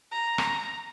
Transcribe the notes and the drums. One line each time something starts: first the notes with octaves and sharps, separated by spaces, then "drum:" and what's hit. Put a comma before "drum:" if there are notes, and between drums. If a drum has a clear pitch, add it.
A#5
drum: rim click